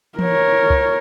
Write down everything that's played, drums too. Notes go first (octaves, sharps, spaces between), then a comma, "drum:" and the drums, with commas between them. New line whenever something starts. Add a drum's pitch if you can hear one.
A#4 C#5, drum: tom E3
drum: kick